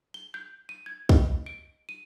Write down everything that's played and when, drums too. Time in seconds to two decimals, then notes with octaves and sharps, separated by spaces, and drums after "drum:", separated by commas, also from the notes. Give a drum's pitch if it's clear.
0.14 G7
0.34 G6
0.69 D#7
0.86 G#6
1.09 D#5, drum: kick
1.46 D7
1.89 D#7